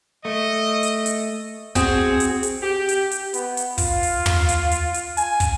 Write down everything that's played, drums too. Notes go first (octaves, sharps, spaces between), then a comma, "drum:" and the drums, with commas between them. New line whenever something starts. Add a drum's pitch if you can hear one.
A3 D#5
drum: hi-hat
drum: hi-hat
C4 F#4 G#4, drum: kick, hi-hat
drum: hi-hat
drum: hi-hat
G4
drum: hi-hat
drum: hi-hat
B3, drum: hi-hat
drum: hi-hat
F4, drum: kick, open hi-hat
drum: open hi-hat
drum: tom
drum: hi-hat
drum: hi-hat
drum: hi-hat
G#5, drum: hi-hat
drum: kick, hi-hat